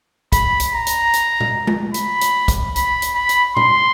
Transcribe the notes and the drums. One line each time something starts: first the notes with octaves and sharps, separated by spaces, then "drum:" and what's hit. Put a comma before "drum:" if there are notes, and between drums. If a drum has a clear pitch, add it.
B5, drum: kick, hi-hat
drum: hi-hat
A#5
drum: hi-hat
drum: hi-hat
drum: tom A#2
drum: tom G#3
B5, drum: hi-hat
drum: hi-hat
drum: kick, hi-hat
B5, drum: hi-hat
drum: hi-hat
B5
drum: hi-hat
C6, drum: tom A#2